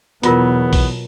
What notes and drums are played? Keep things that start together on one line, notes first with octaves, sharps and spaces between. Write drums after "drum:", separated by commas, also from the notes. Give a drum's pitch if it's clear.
E2 B2 F#3 B3 E4 F4 A#4, drum: hi-hat
drum: kick A#1, open hi-hat